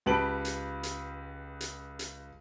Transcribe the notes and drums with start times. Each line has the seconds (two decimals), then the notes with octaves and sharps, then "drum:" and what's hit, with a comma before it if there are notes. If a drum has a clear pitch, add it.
0.06 C#2 G4 B4 A5 D7 F#7
0.45 drum: hi-hat
0.83 drum: hi-hat
1.61 drum: hi-hat
1.99 drum: hi-hat